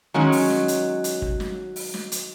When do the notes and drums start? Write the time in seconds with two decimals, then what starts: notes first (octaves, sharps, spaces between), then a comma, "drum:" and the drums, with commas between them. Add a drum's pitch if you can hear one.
0.14 D#3 F#3 G#3 C#4
0.32 drum: open hi-hat
0.50 drum: snare
0.68 drum: hi-hat
1.04 drum: hi-hat
1.22 drum: kick
1.40 drum: snare
1.76 drum: open hi-hat
1.94 drum: snare
2.12 drum: hi-hat